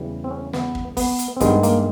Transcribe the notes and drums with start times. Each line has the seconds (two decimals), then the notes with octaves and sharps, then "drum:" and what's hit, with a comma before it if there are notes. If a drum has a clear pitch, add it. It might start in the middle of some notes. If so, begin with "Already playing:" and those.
Already playing: E2 C#3 E3 G3
0.24 C4
0.31 C#4
0.53 B3, drum: snare
0.75 drum: kick
0.97 B3, drum: kick, open hi-hat
1.19 drum: hi-hat
1.37 C4
1.40 G2 D#3 G#3 B3, drum: kick, hi-hat
1.63 A#3, drum: hi-hat